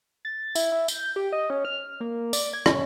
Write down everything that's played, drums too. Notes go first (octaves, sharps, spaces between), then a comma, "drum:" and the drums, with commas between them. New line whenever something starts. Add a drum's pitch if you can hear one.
A6
E4, drum: tambourine
E4
G6, drum: tambourine
G4
D#5
C#4
F6
A#3
D5, drum: tambourine
G#6
C#4, drum: rim click